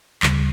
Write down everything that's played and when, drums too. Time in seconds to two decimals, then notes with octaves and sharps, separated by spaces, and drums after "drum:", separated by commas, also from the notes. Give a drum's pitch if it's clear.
0.23 D2 C#3 G3, drum: clap